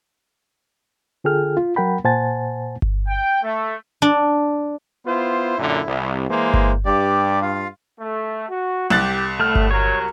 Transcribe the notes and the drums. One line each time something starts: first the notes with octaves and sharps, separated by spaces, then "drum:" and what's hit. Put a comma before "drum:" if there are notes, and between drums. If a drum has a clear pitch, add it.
D3 F4 G#4 A4 G5 F6
F4
F#3 A#4 F#5 G5 B5
A#2 C5 F#5 G#5 A5 A6
drum: kick G1
G5
A3
D4
B3 E4 F4 C5
F#2 A#2 D3
C2
E3 G#3 A#3 C5
drum: kick G1
G2 G4 D5
F4 F5
A3
F#4
C2 G4 F#6 A6
A2 A3 F6
drum: kick G1
F#3 A#4 C#5